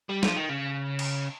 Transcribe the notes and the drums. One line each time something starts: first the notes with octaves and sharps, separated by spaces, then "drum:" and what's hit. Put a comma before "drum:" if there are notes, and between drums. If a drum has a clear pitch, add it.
G3
F3, drum: snare
D#3
C#3
drum: cymbal